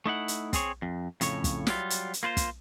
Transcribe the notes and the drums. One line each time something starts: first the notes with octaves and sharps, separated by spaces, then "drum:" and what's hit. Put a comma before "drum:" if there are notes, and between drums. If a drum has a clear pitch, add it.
A3 D#4 E4 F#5
drum: hi-hat
C4 G#4 C#5, drum: kick, hi-hat
F2
F2 A2 C#3 C#5, drum: hi-hat
drum: kick, hi-hat
F#3 G3 F4, drum: snare
drum: hi-hat
drum: hi-hat
A#3 F4 B4 C5
drum: kick, hi-hat